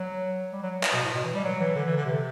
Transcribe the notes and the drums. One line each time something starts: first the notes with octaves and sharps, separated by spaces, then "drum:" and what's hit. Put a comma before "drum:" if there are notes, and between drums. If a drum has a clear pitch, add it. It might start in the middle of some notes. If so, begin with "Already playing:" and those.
Already playing: F#3
G3
F#3
drum: clap
B2
A2
B2
E3
G3
F#3
E3
D3
E3
D3
C3